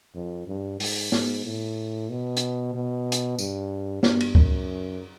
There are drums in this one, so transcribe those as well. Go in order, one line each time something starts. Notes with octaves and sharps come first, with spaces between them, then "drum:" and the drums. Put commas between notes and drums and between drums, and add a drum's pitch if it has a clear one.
F2
G2
G#2, drum: open hi-hat
G#2, drum: snare
A2
B2
drum: hi-hat
B2
drum: hi-hat
G2, drum: tambourine
G2, drum: snare
drum: cymbal
F#2, drum: kick C#2